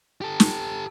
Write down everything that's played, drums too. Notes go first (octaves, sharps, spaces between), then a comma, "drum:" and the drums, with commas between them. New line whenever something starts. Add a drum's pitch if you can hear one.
G4 A4
drum: snare